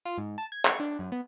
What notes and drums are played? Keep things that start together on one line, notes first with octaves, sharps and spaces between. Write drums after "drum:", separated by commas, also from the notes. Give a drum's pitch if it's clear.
F4
G#2
A5
G#6
C#6, drum: clap
D4
F#2
B3